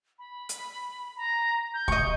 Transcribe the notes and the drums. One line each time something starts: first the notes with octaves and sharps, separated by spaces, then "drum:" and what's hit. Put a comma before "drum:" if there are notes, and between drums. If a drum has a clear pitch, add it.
B5
drum: hi-hat
A#5
G6
D#5 C#6, drum: kick C2